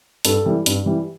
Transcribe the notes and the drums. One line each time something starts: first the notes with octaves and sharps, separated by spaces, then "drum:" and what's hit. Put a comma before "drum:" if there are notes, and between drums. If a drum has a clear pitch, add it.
G2 A4, drum: hi-hat
E3 G3
G2, drum: hi-hat
E3 G3